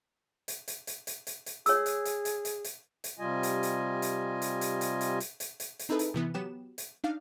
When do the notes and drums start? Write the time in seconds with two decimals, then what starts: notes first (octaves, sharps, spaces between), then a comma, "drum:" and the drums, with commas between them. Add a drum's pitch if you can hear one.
0.48 drum: hi-hat
0.68 drum: hi-hat
0.87 drum: hi-hat
1.07 drum: hi-hat
1.27 drum: hi-hat
1.46 drum: hi-hat
1.66 G#4 C#5 E6, drum: hi-hat
1.86 drum: hi-hat
2.05 drum: hi-hat
2.25 drum: hi-hat
2.45 drum: hi-hat
2.64 drum: hi-hat
3.04 drum: hi-hat
3.19 C3 G3 F4 D#5 G#5
3.43 drum: hi-hat
3.63 drum: hi-hat
4.02 drum: hi-hat
4.42 drum: hi-hat
4.61 drum: hi-hat
4.81 drum: hi-hat
5.01 drum: hi-hat
5.20 drum: hi-hat
5.40 drum: hi-hat
5.60 drum: hi-hat
5.79 drum: hi-hat
5.89 C4 D#4 E4 G#4 A4 B4
5.99 drum: hi-hat
6.14 C3 E3 B3
6.34 F#3 B3 G4 E7
6.78 drum: hi-hat
7.04 D4 D#4 F5